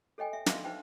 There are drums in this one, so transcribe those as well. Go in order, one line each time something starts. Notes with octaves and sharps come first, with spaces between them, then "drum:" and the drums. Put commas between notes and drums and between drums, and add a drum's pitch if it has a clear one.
A4 C#5 D#5 G5 G#5
E5
C#5 D5 E5 F5 C6, drum: snare
D#4 B4 C5 G5